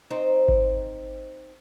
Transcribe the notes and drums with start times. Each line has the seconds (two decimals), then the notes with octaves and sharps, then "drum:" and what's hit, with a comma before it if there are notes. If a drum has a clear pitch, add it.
0.10 C4 D#4
0.48 drum: kick G#1